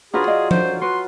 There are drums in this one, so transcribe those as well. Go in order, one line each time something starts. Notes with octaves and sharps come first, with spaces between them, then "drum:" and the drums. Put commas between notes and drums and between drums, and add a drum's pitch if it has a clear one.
F#3 D4 F4 G#4 A#4 B4
D5 D#5 F5
C5, drum: tom F3
F#4 B4 C6